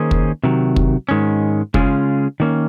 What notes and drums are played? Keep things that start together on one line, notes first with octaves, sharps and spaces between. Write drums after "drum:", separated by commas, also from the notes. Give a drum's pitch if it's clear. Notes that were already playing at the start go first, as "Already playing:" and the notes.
Already playing: D#3 A#3 C#4 G#4 C5
drum: kick
C3 D#3 F#3
drum: kick
G#2 D#3 G#3 C#4
C#3 G#3 C#4 F4 G#4, drum: kick
D#3 A#3 C#4